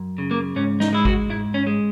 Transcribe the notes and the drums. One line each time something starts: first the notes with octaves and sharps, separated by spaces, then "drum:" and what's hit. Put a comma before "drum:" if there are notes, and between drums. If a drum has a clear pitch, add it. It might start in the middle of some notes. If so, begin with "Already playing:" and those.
Already playing: F#2
C#3
A#3
G#2 C#4
D#4, drum: snare
G#3 E4
F#4, drum: kick G#1
G#2 E4
C#4
G#3